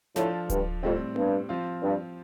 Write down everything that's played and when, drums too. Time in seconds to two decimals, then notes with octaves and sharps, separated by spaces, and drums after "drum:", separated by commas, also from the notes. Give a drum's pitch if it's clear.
0.16 A2 F3 D4 F4 A4, drum: snare
0.50 G2, drum: kick D1, hi-hat
0.82 F2 A2 G3 C4
1.16 G2, drum: tom B3
1.49 F3 C4 F4
1.83 G2